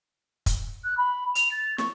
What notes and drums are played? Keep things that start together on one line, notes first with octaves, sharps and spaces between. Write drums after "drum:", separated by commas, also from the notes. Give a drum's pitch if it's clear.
drum: kick, hi-hat
F#6
B5
F7, drum: hi-hat
A6
C#6, drum: snare